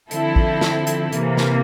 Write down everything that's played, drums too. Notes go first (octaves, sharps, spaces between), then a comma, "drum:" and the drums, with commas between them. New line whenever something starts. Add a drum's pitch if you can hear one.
D3 F3 C4 E4 A4, drum: hi-hat
drum: kick A1
drum: snare
drum: hi-hat
C3 E3 A#3, drum: hi-hat
drum: snare